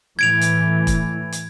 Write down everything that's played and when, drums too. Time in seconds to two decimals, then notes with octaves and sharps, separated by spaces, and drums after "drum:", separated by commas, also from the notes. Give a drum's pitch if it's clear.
0.19 A2 E3 G#6 D7 F7
0.41 drum: hi-hat
0.87 drum: kick E1, hi-hat
1.32 drum: hi-hat